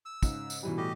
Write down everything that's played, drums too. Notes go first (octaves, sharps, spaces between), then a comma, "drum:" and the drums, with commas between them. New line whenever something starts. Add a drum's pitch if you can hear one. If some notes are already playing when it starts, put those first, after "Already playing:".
E6
G#2 C#3, drum: kick, tambourine
drum: tambourine
B2 E3 G3
A2 G4 D#5